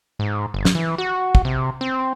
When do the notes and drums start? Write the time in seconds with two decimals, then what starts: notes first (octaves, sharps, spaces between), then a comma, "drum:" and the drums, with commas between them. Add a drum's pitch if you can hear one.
0.19 G#2
0.54 G1
0.65 drum: snare
0.75 E3
0.98 F#4
1.35 drum: kick
1.45 C3
1.81 C4